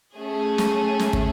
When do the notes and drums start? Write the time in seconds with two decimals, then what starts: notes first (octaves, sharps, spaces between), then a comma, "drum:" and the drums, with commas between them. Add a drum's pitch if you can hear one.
0.17 A3 C#4 G#4
0.58 drum: snare
0.99 drum: snare
1.13 drum: kick